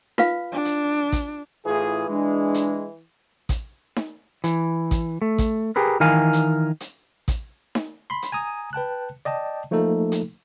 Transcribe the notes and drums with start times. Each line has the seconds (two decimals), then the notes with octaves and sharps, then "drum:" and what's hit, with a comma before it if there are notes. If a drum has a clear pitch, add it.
0.18 F4 B4 F5, drum: snare D#4
0.52 D4
0.65 drum: hi-hat
1.12 drum: kick A1, hi-hat
1.65 A2 E3 F4 G#4
2.09 G#3 D4
2.54 drum: hi-hat
3.49 drum: kick A1, hi-hat
3.96 drum: snare D#4
4.44 E3, drum: hi-hat
4.91 drum: kick A1, hi-hat
5.22 A3
5.38 drum: kick A1, hi-hat
5.76 G4 G#4 A#4 B4
6.00 D#3 E3 A#4 F5 G#5
6.33 drum: hi-hat
6.80 drum: hi-hat
7.28 drum: kick A1, hi-hat
7.75 drum: snare D#4
8.10 B5 C6
8.22 drum: hi-hat
8.32 G#5 A#5 D#6
8.73 B4 G5 A5 F#6
9.25 D5 D#5 G5 A5
9.71 F3 A3 A#3 D#4 A4
10.12 drum: hi-hat